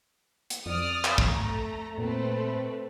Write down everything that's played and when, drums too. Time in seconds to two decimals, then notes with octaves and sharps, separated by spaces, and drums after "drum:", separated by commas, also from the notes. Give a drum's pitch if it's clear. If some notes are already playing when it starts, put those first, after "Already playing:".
0.50 drum: hi-hat
0.66 F2 D5 D#6 F6
1.05 drum: clap
1.18 A3 A#5, drum: kick
1.98 A#2 A3 C4 B4